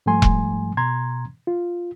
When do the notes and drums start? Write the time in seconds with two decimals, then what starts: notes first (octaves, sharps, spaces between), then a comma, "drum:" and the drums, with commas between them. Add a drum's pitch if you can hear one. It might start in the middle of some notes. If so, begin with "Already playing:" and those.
0.06 G#2 F3 G3 A3 G#5 C6
0.22 drum: kick E1
0.77 B2 A#5 C6 G#6
1.47 F4